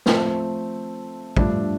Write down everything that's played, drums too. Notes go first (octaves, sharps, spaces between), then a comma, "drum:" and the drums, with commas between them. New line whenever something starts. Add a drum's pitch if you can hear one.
F3 A3 C4, drum: snare
G2 F3 A3 D4, drum: kick